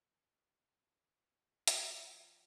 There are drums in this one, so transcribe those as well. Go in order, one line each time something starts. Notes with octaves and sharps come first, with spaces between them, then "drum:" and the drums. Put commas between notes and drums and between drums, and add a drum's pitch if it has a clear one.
drum: hi-hat
F3